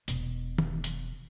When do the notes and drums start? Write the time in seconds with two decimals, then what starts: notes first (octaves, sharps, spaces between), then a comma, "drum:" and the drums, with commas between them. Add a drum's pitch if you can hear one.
0.08 E1 B2, drum: hi-hat
0.58 drum: tom
0.84 drum: hi-hat